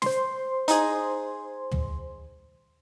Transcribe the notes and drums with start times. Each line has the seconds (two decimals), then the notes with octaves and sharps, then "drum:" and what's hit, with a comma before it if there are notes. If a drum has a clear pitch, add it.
0.02 C5 C6, drum: snare
0.68 D#4 G#4, drum: hi-hat
1.72 drum: tom